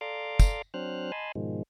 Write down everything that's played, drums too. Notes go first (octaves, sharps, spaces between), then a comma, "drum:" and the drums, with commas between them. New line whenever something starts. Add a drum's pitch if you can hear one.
A4 D5 F5 A#5 C6 D6
drum: kick, tambourine
F#3 C4 D4 C5 F6 F#6
D#5 G#5 A5 B5 C6
G#2 B2 D#3 F3 G#3